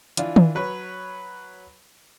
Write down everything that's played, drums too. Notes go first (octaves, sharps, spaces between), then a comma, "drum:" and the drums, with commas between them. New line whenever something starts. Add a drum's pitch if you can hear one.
E3 D4 F4, drum: hi-hat
drum: tom D#3
F#3 B4 C#5